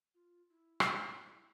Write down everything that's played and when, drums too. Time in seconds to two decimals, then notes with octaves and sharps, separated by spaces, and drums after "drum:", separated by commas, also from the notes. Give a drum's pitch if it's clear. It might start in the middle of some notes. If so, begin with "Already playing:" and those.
0.14 F4
0.50 E4
0.80 drum: rim click